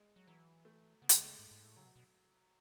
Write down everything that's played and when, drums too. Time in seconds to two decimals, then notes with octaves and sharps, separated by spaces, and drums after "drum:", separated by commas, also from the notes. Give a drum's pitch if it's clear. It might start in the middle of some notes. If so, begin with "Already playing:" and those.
Already playing: G#3
0.16 F#3
0.27 E3 F#3
0.65 A3
1.02 C#3 B3
1.09 A3, drum: hi-hat
1.17 G#3
1.24 A3
1.39 G#2
1.51 G#2
1.64 A2
1.76 C#3 F#3
1.86 B2
1.96 B2